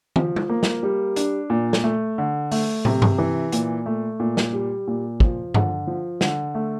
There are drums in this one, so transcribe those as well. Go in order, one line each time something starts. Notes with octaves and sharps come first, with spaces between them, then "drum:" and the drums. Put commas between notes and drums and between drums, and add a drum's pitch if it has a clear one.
F3, drum: tom
drum: tom G3
A#3
drum: snare
G3
D4, drum: hi-hat
A#2
drum: snare
A3
D3
A3, drum: open hi-hat
C3, drum: tom
drum: tom G2
E3
A#2, drum: hi-hat
A3
A#2
drum: snare
G3
A#2
F3, drum: kick
D3, drum: tom G2
F3
D3, drum: snare
A3